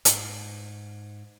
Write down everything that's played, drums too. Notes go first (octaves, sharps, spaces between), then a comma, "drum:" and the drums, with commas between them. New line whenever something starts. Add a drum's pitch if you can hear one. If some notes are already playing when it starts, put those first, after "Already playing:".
G#2, drum: hi-hat